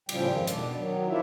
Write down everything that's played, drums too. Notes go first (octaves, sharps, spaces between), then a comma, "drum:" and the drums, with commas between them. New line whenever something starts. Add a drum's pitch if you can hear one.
A2 C#3 F3 G3 G5, drum: cymbal
F2 G#2 D#3 F3
B2 D4, drum: hi-hat
D#3 F#3
F3 D4 E4 F4 E5